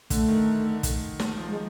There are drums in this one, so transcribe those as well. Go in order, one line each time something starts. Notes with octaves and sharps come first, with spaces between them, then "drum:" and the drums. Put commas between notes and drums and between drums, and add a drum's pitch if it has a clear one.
D3 A3, drum: kick, hi-hat
D#3
drum: kick, hi-hat
drum: snare
F3
G#3